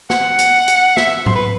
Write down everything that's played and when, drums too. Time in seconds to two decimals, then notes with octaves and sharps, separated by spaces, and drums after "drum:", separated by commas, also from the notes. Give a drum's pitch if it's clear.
0.10 F#5, drum: snare
0.39 drum: hi-hat
0.68 drum: hi-hat
0.97 E5, drum: snare
1.26 C5, drum: tom G#2
1.36 B4